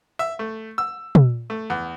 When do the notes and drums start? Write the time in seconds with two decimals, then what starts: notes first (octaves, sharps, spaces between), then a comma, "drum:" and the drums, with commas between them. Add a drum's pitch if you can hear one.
0.19 E5
0.39 A3
0.78 E6
1.15 drum: tom
1.50 A3
1.70 E2